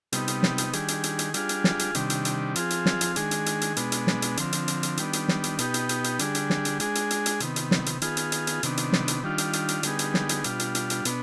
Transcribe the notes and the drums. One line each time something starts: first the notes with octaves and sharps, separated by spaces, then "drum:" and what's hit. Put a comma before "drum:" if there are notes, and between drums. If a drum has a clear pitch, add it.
C3 G3 B3 D#4, drum: hi-hat
drum: hi-hat
drum: snare
drum: hi-hat
D#3 G3 D4 G#4, drum: hi-hat
drum: hi-hat
drum: hi-hat
drum: hi-hat
G3 D4 F4 G#4, drum: hi-hat
drum: hi-hat
drum: snare
drum: hi-hat
C3 D#3 G3 D4, drum: hi-hat
drum: hi-hat
drum: hi-hat
F3 C4 F4 G#4, drum: hi-hat
drum: hi-hat
drum: snare
drum: hi-hat
D#3 G#3 D4 G#4, drum: hi-hat
drum: hi-hat
drum: hi-hat
drum: hi-hat
B2 G#3 B3 D4, drum: hi-hat
drum: hi-hat
drum: snare
drum: hi-hat
D3 F3 C4, drum: hi-hat
drum: hi-hat
drum: hi-hat
drum: hi-hat
D#3 G3 B3 D4, drum: hi-hat
drum: hi-hat
drum: snare
drum: hi-hat
B2 B3 D#4 G4, drum: hi-hat
drum: hi-hat
drum: hi-hat
drum: hi-hat
D3 G3 D4 G#4, drum: hi-hat
drum: hi-hat
drum: snare
drum: hi-hat
G#3 D4 G#4, drum: hi-hat
drum: hi-hat
drum: hi-hat
drum: hi-hat
C3 D#3 B3, drum: hi-hat
drum: hi-hat
drum: snare
drum: hi-hat
D#3 B3 F4 G#4, drum: hi-hat
drum: hi-hat
drum: hi-hat
drum: hi-hat
C3 D#3 B3 D4, drum: hi-hat
drum: hi-hat
drum: snare
drum: hi-hat
D#3 G3 D4 F4
drum: hi-hat
drum: hi-hat
drum: hi-hat
D3 G3 B3 D#4 G#4, drum: hi-hat
drum: hi-hat
drum: snare
drum: hi-hat
B2 G3 D4 F4, drum: hi-hat
drum: hi-hat
drum: hi-hat
drum: hi-hat
B2 B3 D4, drum: hi-hat